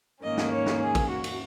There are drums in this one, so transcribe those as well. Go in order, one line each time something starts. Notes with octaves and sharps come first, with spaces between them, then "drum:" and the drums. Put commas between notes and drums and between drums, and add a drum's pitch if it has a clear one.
G#2 D#3 A#3 C#4 D#5
drum: snare
C#5
drum: snare
G#4
drum: kick, cymbal
F#4
drum: cymbal